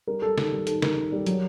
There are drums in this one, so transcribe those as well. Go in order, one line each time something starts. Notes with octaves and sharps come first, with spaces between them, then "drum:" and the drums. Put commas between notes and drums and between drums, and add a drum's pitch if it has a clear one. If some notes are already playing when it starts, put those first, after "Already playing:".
G3 A#4
G3 A4
D#3, drum: snare
G3
D#3 A4, drum: hi-hat
D#3 A#4, drum: snare
D#3
G3
F#3, drum: hi-hat